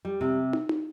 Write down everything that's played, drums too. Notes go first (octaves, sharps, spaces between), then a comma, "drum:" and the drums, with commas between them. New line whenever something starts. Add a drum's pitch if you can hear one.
G3
C3
drum: tom
drum: tom